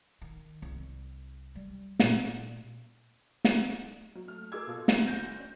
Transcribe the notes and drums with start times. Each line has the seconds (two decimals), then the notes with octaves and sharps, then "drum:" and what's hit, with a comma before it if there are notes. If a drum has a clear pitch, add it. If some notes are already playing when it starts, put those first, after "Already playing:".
0.22 D#3
0.62 C2
1.55 G3
1.99 A#2, drum: snare
3.44 drum: snare
4.15 F#3
4.27 A3 F6
4.52 G#4 A#4 D6 E6 G#6
4.67 B2 F4 A4
4.88 drum: snare
5.07 D2 G6 A#6
5.40 C#4